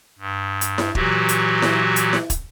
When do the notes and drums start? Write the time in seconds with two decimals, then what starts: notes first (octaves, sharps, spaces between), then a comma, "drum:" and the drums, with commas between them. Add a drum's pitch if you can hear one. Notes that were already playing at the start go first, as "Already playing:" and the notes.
0.19 G2
0.61 drum: hi-hat
0.78 drum: snare E4
0.95 A#2 E3 F#3 F#4 G4, drum: kick
1.29 drum: hi-hat
1.62 drum: snare E4
1.96 drum: hi-hat
2.13 drum: snare E4
2.30 drum: kick, hi-hat